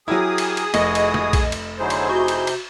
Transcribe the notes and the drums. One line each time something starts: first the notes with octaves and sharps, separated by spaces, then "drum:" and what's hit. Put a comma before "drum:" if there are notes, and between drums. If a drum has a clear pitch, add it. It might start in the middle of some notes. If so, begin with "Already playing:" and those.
F#3 E4 G4 G#4 A#4 D#6
drum: cymbal
drum: cymbal
F1 E4 F#4 D#5, drum: cymbal
drum: cymbal
drum: snare
drum: kick B1, cymbal
drum: cymbal
D3 F#3 D#4 E4 G#4 C5
drum: cymbal
C3 F#4 G6
drum: cymbal
drum: cymbal